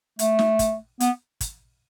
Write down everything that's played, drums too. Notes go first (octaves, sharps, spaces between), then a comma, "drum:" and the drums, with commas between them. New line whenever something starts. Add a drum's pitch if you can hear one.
A3, drum: hi-hat
drum: snare
drum: kick, hi-hat
B3, drum: hi-hat
drum: kick, hi-hat